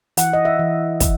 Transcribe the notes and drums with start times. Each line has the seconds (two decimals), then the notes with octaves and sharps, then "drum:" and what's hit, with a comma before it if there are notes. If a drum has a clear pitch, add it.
0.17 E3 F#5, drum: hi-hat
0.33 D#5
0.45 E5
0.59 E3
1.00 drum: kick, hi-hat